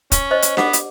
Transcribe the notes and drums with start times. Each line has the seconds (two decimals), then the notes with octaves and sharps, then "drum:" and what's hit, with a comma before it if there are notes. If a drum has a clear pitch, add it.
0.12 C#4, drum: kick, hi-hat
0.31 C5 D#5 C#6
0.42 drum: hi-hat
0.57 B3 G4 F#5 D6, drum: snare D4
0.73 drum: hi-hat